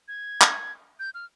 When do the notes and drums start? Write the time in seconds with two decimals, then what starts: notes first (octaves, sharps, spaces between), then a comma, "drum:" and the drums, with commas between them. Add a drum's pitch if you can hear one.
0.08 G#6
0.41 drum: clap
0.99 G6
1.14 F6